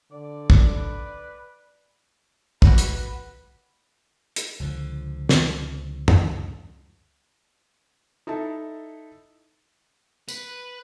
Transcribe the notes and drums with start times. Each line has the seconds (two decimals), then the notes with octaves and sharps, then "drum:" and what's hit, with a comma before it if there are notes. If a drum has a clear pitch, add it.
0.12 D3 D5
0.50 drum: kick
0.72 B4
2.62 F#4 B4 D6, drum: kick
2.78 drum: hi-hat
4.36 drum: hi-hat
4.60 C#2 D3 F3
5.29 drum: snare
6.08 drum: tom
8.27 D#4 E4 A4 A5
10.28 B4, drum: tambourine